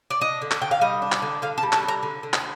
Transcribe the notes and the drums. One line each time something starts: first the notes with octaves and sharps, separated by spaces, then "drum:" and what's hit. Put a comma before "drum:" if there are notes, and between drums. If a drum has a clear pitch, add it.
D5
D4 D#5
D3
drum: clap
D3 G5
F5
G3 D#5
D4
drum: clap
D3
D3 F5
A5
G3
A5, drum: clap
D4
A#5
D3
D3
drum: clap